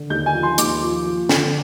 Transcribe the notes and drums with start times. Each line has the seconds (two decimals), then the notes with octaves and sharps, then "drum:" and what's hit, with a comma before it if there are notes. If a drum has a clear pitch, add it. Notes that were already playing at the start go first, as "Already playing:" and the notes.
Already playing: D3
0.10 D#2 G6
0.26 G#5
0.34 F3
0.43 C6
0.58 D#2 D6, drum: hi-hat
0.82 F3
1.06 F3
1.29 D3, drum: snare